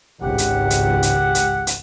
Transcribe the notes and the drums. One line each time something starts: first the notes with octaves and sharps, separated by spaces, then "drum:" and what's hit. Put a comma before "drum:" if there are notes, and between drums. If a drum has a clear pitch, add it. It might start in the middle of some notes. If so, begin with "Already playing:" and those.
G#1 C#2 G#2 G4 F#5
drum: hi-hat
drum: hi-hat
drum: hi-hat
drum: hi-hat
drum: hi-hat